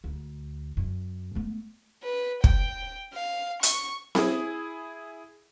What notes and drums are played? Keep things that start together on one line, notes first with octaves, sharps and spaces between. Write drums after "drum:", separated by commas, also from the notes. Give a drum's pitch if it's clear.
D2
F#2
A3 B3
B4
G5, drum: kick
F5
C#6, drum: hi-hat
E4 G#4, drum: snare C4